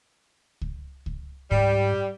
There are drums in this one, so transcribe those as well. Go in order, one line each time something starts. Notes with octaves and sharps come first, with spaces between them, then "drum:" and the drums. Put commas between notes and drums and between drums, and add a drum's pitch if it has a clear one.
drum: kick C#2
drum: kick C#2
G#2 G3, drum: kick C#2